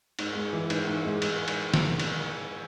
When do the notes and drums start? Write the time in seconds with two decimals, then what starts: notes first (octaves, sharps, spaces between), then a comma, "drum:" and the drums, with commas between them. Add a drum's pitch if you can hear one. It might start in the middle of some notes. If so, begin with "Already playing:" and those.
0.19 G#2, drum: cymbal
0.35 G#3
0.53 E3
0.70 G#2, drum: cymbal
0.87 G#2
1.05 G#3
1.22 drum: cymbal
1.48 drum: cymbal
1.74 drum: snare
1.99 drum: cymbal